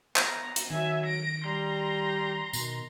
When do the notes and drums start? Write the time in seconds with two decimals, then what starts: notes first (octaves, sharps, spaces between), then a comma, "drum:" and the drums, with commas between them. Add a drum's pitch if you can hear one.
0.16 B3 A#5, drum: clap
0.56 drum: hi-hat
0.70 D#3 F#3 E5 G#5
1.06 A#6 D7
1.45 G3 A#5 C6
2.53 B2 D#3, drum: tambourine